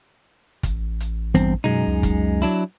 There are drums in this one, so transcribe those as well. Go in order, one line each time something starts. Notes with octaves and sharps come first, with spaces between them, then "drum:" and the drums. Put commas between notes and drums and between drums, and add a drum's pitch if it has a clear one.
A1, drum: kick, hi-hat
drum: hi-hat
E2 G2 C4, drum: hi-hat
F#2 B2 G#3 D#4
C#2
drum: kick, hi-hat
F#3 D4 E4